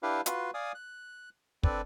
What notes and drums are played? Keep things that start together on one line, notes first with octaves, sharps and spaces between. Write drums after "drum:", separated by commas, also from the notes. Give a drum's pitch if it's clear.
D4 E4 G4 B4 F5
F4 F#4 B4 C6, drum: hi-hat
D5 F5 G#5 D#6
F#6
C4 D4 A4 B4 D5, drum: kick